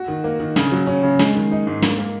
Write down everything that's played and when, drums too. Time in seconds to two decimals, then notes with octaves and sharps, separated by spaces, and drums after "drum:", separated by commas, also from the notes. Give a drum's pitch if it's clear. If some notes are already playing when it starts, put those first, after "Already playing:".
Already playing: F#4
0.08 D#3
0.24 A#3
0.39 D#3
0.56 C#3, drum: snare
0.72 F#3
0.87 C#4
1.03 C#3
1.19 G#3, drum: snare
1.35 D#3
1.52 D#4
1.67 G#2
1.82 A#3, drum: snare
1.99 A#3